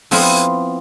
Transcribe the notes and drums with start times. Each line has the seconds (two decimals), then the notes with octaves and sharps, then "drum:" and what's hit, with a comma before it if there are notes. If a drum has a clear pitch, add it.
0.11 F3 B3 C4 E4 F4, drum: open hi-hat